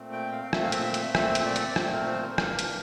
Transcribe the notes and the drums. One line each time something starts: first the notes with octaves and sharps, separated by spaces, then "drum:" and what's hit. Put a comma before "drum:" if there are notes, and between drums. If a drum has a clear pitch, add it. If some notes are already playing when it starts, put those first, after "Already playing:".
Already playing: A#2 A3 C4
G5
F5
A#2 A3 C4 E5, drum: rim click
F5
E5, drum: hi-hat
drum: hi-hat
A#2 A3 C4 E5, drum: rim click
drum: hi-hat
D5
drum: hi-hat
D5
A#2 A3 C4 C5, drum: rim click
A#4
C5
A#4
E3 A#3 D4, drum: rim click
drum: hi-hat